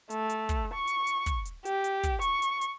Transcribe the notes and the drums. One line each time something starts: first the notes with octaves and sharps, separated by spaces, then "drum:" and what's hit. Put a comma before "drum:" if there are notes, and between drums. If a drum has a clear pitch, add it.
A3, drum: hi-hat
drum: hi-hat
drum: kick, hi-hat
C#6
drum: hi-hat
drum: hi-hat
drum: kick, hi-hat
drum: hi-hat
G4, drum: hi-hat
drum: hi-hat
drum: kick, hi-hat
C#6, drum: hi-hat
drum: hi-hat
drum: hi-hat